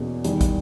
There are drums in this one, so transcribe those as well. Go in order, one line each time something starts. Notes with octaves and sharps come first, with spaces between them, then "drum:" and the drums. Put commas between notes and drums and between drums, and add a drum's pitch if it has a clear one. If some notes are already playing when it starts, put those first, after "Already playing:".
Already playing: E2 B2 A#3 C#4 G#4
E2 D#3 G3, drum: hi-hat
drum: kick, hi-hat